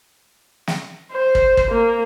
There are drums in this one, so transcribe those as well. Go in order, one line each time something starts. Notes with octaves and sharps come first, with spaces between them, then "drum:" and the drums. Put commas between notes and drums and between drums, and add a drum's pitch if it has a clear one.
drum: snare
C5
drum: kick
drum: kick
A#3